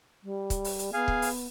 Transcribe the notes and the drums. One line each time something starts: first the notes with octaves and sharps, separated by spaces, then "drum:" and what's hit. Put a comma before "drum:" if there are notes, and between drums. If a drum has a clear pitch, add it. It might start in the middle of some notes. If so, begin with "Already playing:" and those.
G3
drum: kick, hi-hat
drum: open hi-hat
drum: hi-hat
B3 G#4 F5 G#5
drum: kick
drum: open hi-hat